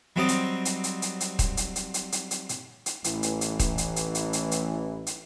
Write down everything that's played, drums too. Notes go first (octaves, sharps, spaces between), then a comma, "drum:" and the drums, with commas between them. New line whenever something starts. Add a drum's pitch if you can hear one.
F#3 G3 C4 D5 D#5
drum: hi-hat
drum: hi-hat
drum: hi-hat
drum: hi-hat
drum: hi-hat
drum: kick D#1, hi-hat
drum: hi-hat
drum: hi-hat
drum: hi-hat
drum: hi-hat
drum: hi-hat
drum: hi-hat
drum: hi-hat
A1 E3, drum: hi-hat
drum: hi-hat
drum: hi-hat
drum: kick D#1, hi-hat
drum: hi-hat
drum: hi-hat
drum: hi-hat
drum: hi-hat
drum: hi-hat
drum: hi-hat